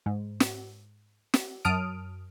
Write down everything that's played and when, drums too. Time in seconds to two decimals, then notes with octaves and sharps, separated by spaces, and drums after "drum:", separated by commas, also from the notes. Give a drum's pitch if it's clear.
0.06 G#2
0.40 drum: snare
1.34 drum: snare
1.65 F#2 A5 D#6 F6 D7